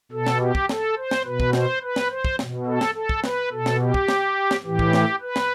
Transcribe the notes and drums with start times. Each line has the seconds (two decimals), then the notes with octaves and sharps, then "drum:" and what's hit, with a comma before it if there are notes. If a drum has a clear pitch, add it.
0.12 B2 A4
0.26 drum: snare
0.40 G4
0.55 drum: kick
0.69 A4, drum: snare
0.97 C5
1.11 drum: snare
1.25 B2 B4
1.40 drum: kick
1.53 C5, drum: snare
1.83 B4
1.96 drum: snare
2.10 C5
2.25 drum: kick
2.39 B2, drum: snare
2.66 A4
2.81 drum: snare
2.95 A4
3.09 drum: kick
3.24 B4, drum: snare
3.51 B2 A4
3.66 drum: snare
3.80 G4
3.94 drum: kick
4.08 drum: snare
4.51 drum: snare
4.65 A2 E3 G4
4.79 drum: kick
4.93 drum: snare
5.21 B4
5.36 drum: snare